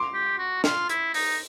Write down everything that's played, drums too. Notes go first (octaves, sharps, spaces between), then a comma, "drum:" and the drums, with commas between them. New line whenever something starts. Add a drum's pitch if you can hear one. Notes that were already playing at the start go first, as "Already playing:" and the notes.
Already playing: C6 D6
G4
F#4
F4, drum: snare
E4, drum: hi-hat
D#4, drum: open hi-hat